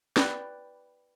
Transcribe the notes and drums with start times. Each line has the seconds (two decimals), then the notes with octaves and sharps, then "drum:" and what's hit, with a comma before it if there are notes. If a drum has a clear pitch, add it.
0.17 B4 D5 G5, drum: snare